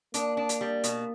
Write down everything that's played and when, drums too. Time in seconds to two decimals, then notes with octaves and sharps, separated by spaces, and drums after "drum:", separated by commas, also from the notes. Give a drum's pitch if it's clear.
0.14 A#3 D4, drum: hi-hat
0.37 D4
0.49 drum: hi-hat
0.61 G3
0.84 B2, drum: hi-hat